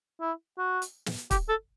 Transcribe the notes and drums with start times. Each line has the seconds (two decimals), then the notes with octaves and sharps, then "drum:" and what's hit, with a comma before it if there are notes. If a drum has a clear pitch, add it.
0.21 E4
0.58 F#4
0.82 drum: hi-hat
1.06 drum: snare
1.31 G4, drum: kick, hi-hat
1.49 A4